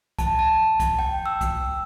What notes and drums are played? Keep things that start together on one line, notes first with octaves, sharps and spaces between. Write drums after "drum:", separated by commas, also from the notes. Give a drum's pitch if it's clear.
A5, drum: kick C2, hi-hat
A5
drum: kick C2, hi-hat
G5
E6
drum: kick C2, hi-hat